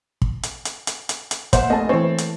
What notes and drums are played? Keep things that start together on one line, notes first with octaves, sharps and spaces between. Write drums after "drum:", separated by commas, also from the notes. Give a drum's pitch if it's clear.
drum: kick
drum: hi-hat
drum: hi-hat
drum: hi-hat
drum: hi-hat
drum: hi-hat
A#3 C5 E5 F#5, drum: kick, hi-hat
F1 A3 D#5 G#5 A5
E3 C4 C#5
drum: hi-hat